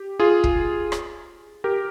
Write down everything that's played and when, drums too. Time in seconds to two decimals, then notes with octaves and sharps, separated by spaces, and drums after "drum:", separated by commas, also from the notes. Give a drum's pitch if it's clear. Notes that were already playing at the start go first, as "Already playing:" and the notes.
Already playing: G4
0.20 F4 G#4
0.44 drum: kick
0.92 drum: rim click
1.64 G4 A#4